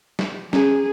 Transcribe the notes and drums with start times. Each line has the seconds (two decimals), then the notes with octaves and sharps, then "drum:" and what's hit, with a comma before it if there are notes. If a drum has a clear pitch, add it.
0.19 drum: snare
0.53 C#4 G#4, drum: snare